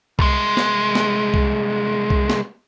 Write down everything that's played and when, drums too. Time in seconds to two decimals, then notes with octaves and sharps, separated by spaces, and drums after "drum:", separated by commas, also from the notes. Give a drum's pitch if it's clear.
0.19 C2 G#3, drum: kick C2
0.57 drum: snare
0.95 drum: snare
1.34 drum: kick C2
2.10 drum: kick C2
2.30 drum: snare